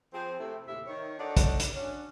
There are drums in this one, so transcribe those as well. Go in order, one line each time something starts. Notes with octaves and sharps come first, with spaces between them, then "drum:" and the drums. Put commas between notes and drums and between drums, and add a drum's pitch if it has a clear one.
F3 C4 G#4
C3 A3 E4
D#2 A2 C3 E4 E5
D#3 C#5
D4 D#4 F#4 A4 C#5 D5
drum: kick, hi-hat
drum: hi-hat
F#3 C#4 D4